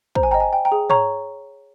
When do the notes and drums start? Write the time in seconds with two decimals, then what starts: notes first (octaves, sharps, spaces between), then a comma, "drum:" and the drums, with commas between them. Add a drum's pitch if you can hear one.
0.15 C5 A#5, drum: kick
0.23 G#5
0.31 G5 A#5
0.34 D#5
0.40 G#5
0.53 G5
0.65 G5 A#5
0.72 G#4
0.90 C#5 A#5 C#6, drum: tom